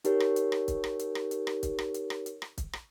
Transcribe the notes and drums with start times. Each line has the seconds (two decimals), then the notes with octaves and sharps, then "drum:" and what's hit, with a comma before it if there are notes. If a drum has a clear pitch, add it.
0.05 D#4 G4 A#4 C#5, drum: hi-hat
0.20 drum: rim click
0.36 drum: hi-hat
0.52 drum: rim click
0.68 drum: kick, hi-hat
0.84 drum: rim click
0.99 drum: hi-hat
1.15 drum: rim click
1.31 drum: hi-hat
1.47 drum: rim click
1.63 drum: kick, hi-hat
1.79 drum: rim click
1.94 drum: hi-hat
2.10 drum: rim click
2.26 drum: hi-hat
2.42 drum: rim click
2.58 drum: kick, hi-hat
2.73 drum: rim click